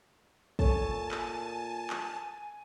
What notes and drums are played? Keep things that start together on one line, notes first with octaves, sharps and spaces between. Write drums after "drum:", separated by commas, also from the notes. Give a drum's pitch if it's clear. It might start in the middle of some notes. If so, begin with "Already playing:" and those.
A#2 A4 C#5 G#5 A5, drum: kick
drum: clap
drum: clap